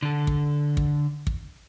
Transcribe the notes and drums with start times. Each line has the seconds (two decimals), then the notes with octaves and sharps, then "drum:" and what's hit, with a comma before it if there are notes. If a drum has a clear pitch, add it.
0.02 D3 A4
0.27 drum: kick
0.77 drum: kick
1.27 drum: kick